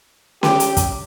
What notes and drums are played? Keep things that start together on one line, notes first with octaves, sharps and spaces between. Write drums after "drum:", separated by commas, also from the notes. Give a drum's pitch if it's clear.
G4, drum: snare C#4
drum: hi-hat
drum: kick, hi-hat